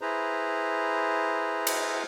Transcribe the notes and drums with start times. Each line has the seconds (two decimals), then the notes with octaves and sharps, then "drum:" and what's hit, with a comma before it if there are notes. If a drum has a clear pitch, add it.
0.01 E4 G#4 B4 C5 A#5
1.67 drum: cymbal